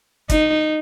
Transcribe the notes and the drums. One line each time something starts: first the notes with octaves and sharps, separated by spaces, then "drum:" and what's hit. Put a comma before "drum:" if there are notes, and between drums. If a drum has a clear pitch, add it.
D#4, drum: kick, hi-hat